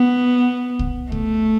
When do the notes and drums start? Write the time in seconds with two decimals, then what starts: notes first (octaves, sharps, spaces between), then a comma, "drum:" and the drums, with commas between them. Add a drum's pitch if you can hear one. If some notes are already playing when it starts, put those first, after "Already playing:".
Already playing: B3
0.79 drum: kick C2
1.12 A3, drum: kick C2